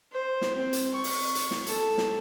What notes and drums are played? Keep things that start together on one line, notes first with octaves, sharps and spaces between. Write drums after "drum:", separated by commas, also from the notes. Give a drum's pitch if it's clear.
C5
drum: snare
C4
drum: hi-hat
C#6
drum: open hi-hat
drum: hi-hat
drum: snare
A4, drum: hi-hat
drum: snare